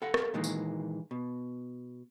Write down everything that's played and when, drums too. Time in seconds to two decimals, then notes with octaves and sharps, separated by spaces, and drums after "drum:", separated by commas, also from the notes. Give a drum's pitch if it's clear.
0.02 A4 F5 F#5
0.14 drum: rim click
0.34 A#2 D#3 E3 G#3 A#3
0.44 drum: tambourine
1.11 B2